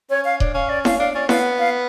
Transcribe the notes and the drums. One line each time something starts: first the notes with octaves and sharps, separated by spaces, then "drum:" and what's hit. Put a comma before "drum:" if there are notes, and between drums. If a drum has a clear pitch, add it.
C#4 C#5
F5
D4, drum: kick D#1
C#4 F5
D5
F5, drum: snare E4
D4 F5
C#4 D5
B3 F5, drum: snare E4
F#5
F5